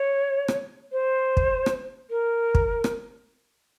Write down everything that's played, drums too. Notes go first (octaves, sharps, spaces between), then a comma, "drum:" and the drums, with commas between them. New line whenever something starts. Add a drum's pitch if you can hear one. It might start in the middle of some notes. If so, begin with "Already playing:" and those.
Already playing: C#5
drum: rim click
C5
drum: kick
drum: rim click
A#4
drum: kick
drum: rim click